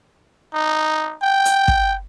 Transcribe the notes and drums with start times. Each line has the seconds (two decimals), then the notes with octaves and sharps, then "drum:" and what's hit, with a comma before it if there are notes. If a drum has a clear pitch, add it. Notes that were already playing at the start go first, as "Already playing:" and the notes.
0.54 D#4
1.22 G5
1.45 drum: hi-hat
1.68 drum: kick